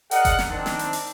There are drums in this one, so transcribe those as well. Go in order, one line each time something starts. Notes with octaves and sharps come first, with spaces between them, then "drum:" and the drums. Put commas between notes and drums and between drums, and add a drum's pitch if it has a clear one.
G#4 A#4 D5 D#5 F5 F#5, drum: hi-hat
drum: kick F#1, hi-hat
drum: snare
D#3 C4 D4
drum: snare
drum: hi-hat
drum: open hi-hat